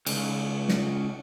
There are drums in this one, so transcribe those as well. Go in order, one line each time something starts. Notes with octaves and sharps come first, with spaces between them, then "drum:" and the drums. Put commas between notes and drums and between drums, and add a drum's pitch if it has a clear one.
C#2, drum: cymbal
drum: snare